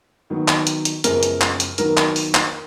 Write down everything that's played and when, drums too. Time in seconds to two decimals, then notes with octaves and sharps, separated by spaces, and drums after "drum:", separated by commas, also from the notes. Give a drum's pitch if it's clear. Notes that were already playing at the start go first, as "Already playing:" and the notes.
0.30 D#3 F#3 B3
0.48 drum: clap
0.67 drum: hi-hat
0.85 drum: hi-hat
1.04 F#2 C#3 F3 G#3 B3 A#4, drum: hi-hat
1.23 drum: hi-hat
1.41 drum: clap
1.60 drum: hi-hat
1.78 D#3 F#3 B3 D#4 A#4, drum: hi-hat
1.97 drum: clap
2.16 drum: open hi-hat
2.35 drum: clap